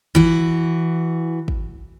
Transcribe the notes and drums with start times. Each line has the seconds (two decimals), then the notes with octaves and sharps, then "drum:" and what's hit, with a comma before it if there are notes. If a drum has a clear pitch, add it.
0.15 E3 F#4, drum: kick
1.48 drum: kick